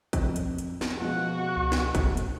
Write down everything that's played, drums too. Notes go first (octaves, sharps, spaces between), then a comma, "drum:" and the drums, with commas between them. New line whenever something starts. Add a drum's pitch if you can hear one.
F2, drum: kick, hi-hat
drum: hi-hat
drum: hi-hat
drum: snare
B2 F3 G#3 F#4
C#2
drum: snare
F1, drum: kick, hi-hat
drum: hi-hat